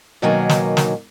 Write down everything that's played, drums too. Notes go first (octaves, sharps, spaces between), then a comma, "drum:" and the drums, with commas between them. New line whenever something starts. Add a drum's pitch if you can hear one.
B2 D#3 F#3 A#3 G#5
drum: snare
drum: snare